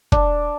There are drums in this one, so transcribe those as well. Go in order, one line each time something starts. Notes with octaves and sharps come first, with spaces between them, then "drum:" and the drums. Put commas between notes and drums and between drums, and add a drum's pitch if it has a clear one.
D4, drum: kick